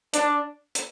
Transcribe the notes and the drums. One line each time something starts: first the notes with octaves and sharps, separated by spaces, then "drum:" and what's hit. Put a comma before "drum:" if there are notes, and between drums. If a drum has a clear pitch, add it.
D4, drum: hi-hat
drum: hi-hat